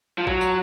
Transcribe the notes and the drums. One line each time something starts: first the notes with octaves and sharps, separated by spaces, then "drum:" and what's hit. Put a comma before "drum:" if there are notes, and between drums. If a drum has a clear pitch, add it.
F3
F#3, drum: kick A#1
drum: tambourine